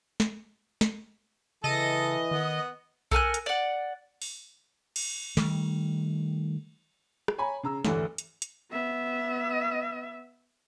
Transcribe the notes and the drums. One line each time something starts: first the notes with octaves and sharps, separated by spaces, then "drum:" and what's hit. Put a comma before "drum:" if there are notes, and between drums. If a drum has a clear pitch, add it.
drum: snare
drum: snare
C#3 E3 A4 D#5
D#3 B3
A4 A#4 G#5 F#6, drum: kick B1
drum: hi-hat
D5 F#5
drum: open hi-hat
drum: cymbal
D#3 G3 A3, drum: snare
drum: rim click
C#5 G#5 A#5 B5
C#3 A#5 E6
A1 D2 G2 D3 E3, drum: snare
drum: hi-hat
drum: hi-hat
B3 E5